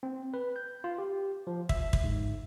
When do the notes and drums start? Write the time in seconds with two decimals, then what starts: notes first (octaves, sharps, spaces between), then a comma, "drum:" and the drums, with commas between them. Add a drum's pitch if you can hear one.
0.03 C4
0.34 B4
0.56 G6
0.84 F4
0.98 G4
1.47 F3
1.69 E5, drum: kick
1.93 drum: kick
2.04 G#2